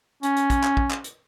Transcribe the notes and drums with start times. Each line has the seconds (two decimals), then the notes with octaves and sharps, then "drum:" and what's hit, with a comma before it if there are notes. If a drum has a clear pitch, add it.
0.23 C#4, drum: hi-hat
0.36 drum: hi-hat
0.50 drum: kick, hi-hat
0.63 drum: clap
0.77 drum: kick
0.91 drum: clap
1.04 drum: hi-hat